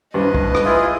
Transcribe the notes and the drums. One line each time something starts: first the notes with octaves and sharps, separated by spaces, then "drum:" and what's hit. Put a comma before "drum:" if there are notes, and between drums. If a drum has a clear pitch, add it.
C2 G2 B4 D#5
drum: kick
drum: rim click
E4 F4 G#4